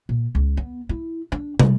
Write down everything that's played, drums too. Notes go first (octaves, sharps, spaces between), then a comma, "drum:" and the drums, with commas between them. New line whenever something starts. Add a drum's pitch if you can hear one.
A#2
C#2
B3
E4
D4
G3, drum: tom